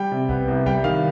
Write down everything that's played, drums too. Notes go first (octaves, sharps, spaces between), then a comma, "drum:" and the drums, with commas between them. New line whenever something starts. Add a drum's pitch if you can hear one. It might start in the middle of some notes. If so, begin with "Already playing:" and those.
Already playing: G3 G5
C3
B3, drum: kick C2
C2
G3 G5, drum: kick C2
D#3 F5